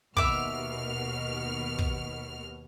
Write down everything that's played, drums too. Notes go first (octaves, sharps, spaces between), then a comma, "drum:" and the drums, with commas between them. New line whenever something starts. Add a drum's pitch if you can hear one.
D#2 B2 E5 D6 F6, drum: kick
drum: kick